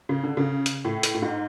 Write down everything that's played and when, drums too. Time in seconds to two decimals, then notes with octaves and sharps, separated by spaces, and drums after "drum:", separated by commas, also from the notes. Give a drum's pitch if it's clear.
0.09 C#3
0.23 D3
0.37 C#3
0.66 drum: hi-hat
0.85 A2
1.03 drum: hi-hat
1.14 A2
1.22 G#2